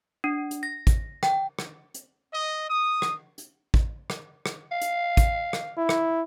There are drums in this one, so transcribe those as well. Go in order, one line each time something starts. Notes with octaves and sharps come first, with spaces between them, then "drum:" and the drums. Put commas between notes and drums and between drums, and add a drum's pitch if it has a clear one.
D4
drum: hi-hat
A#6
drum: kick, hi-hat
G5, drum: rim click
drum: rim click
drum: hi-hat
D#5
D#6
drum: rim click
drum: hi-hat
drum: kick
drum: rim click
drum: rim click
F5
drum: hi-hat
drum: kick, hi-hat
drum: rim click
E4
drum: rim click